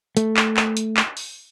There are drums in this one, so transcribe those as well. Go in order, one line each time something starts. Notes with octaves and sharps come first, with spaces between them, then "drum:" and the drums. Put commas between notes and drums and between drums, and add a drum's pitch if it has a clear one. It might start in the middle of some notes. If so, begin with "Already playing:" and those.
A3, drum: hi-hat
drum: clap
drum: clap
drum: hi-hat
drum: clap
drum: open hi-hat